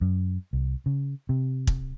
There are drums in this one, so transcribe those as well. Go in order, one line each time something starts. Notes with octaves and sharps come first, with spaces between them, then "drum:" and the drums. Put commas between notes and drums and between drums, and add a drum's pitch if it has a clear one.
F#2
C2
C#3
C3
drum: kick